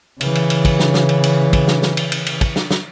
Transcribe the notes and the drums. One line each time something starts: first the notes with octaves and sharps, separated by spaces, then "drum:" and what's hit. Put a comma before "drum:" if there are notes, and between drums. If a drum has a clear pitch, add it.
C#3 E3, drum: cymbal
drum: cymbal
drum: cymbal
drum: kick, cymbal
drum: snare
drum: snare
drum: cymbal
drum: cymbal
drum: kick, cymbal
drum: snare
drum: snare
drum: cymbal
drum: cymbal
drum: cymbal
drum: kick, cymbal
drum: snare
drum: snare